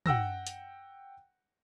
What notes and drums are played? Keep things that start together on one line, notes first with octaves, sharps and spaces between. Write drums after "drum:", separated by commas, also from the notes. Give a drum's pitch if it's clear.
F#5 G5 E6 A#6, drum: tom
drum: hi-hat